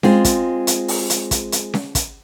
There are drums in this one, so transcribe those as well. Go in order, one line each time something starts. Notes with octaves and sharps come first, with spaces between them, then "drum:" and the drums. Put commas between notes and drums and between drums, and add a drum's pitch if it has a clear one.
G#3 C4 F4 G#4, drum: snare C#4
drum: kick, hi-hat
drum: hi-hat
drum: open hi-hat
drum: hi-hat
drum: kick, hi-hat
drum: hi-hat
drum: snare C#4
drum: kick, hi-hat